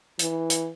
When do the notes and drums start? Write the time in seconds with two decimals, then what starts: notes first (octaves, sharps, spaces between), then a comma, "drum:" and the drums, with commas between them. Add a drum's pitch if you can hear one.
0.19 E3, drum: hi-hat
0.50 drum: hi-hat